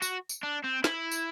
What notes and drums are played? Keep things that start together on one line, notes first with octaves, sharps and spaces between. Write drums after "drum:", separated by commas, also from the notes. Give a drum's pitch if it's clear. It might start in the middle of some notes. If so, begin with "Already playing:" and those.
F#4, drum: tambourine
drum: tambourine
D4
C4
E4, drum: snare
drum: tambourine